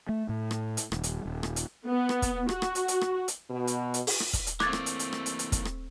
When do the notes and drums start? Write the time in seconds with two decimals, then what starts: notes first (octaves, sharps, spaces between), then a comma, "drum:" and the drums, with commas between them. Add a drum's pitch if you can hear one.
0.09 A3
0.29 A2
0.51 drum: rim click
0.77 drum: hi-hat
0.92 D#1, drum: rim click
1.03 drum: hi-hat
1.25 D#1
1.43 drum: rim click
1.56 drum: hi-hat
1.88 B3
2.09 drum: rim click
2.22 drum: kick, hi-hat
2.49 F#4, drum: rim click
2.62 drum: rim click
2.75 drum: hi-hat
2.88 drum: hi-hat
3.01 drum: rim click
3.28 drum: hi-hat
3.50 B2
3.67 drum: hi-hat
3.94 drum: hi-hat
4.07 drum: open hi-hat
4.20 drum: rim click
4.33 drum: kick, hi-hat
4.47 drum: hi-hat
4.60 E3 A3 A#3 C4 D6 F#6 G#6 A6, drum: rim click
4.73 drum: rim click
4.86 drum: hi-hat
4.99 drum: hi-hat
5.13 drum: rim click
5.26 drum: hi-hat
5.39 drum: hi-hat
5.52 drum: kick, hi-hat
5.65 drum: rim click